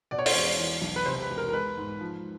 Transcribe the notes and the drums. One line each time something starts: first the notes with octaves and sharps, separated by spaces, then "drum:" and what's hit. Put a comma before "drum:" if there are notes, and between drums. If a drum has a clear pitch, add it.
B2 D5
C#5
C5, drum: open hi-hat
E1 C#5
E3
B1
B4
C3 C5
B4
E1
A#4
A#4
G#3 B4
G#2
F3